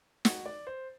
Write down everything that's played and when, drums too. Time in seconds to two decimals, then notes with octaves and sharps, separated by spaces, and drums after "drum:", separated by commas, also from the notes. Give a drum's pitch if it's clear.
0.25 F#4, drum: snare
0.46 D5
0.67 C5